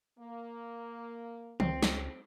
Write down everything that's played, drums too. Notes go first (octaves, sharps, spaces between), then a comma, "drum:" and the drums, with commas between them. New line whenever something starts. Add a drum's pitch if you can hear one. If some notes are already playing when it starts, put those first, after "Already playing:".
A#3
C#2 C4, drum: tom
drum: snare